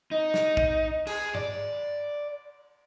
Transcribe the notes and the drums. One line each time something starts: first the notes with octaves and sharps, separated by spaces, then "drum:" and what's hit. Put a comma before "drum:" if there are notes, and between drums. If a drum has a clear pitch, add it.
D#4
drum: snare
drum: kick A#1
G#4, drum: cymbal
D5, drum: tom G2